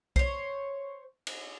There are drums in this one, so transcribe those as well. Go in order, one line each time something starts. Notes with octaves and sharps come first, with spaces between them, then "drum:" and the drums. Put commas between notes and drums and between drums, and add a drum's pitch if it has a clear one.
C5 C#5, drum: kick B1
drum: cymbal